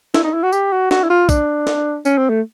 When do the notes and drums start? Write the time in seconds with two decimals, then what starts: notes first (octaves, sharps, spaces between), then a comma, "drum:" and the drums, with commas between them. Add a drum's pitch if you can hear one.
0.14 E4, drum: snare
0.24 D#4
0.33 E4
0.43 F#4
0.53 G4, drum: tambourine
0.72 F#4
0.91 F#4, drum: snare
1.03 E4
1.10 F4
1.29 D4, drum: kick, tambourine
1.67 drum: snare
2.05 C#4, drum: tambourine
2.18 C4
2.30 A3